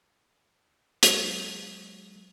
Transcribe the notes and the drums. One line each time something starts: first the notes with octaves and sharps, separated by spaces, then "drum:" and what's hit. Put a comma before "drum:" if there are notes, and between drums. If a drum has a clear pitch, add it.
F#3 G#3, drum: hi-hat